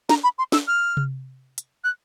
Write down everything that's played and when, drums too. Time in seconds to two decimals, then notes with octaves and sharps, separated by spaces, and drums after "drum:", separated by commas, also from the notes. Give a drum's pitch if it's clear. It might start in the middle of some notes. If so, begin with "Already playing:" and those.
0.09 A#5, drum: snare
0.24 B5
0.38 C6
0.52 E6, drum: snare
0.67 F6
0.97 drum: tom C3
1.58 drum: hi-hat
1.84 F#6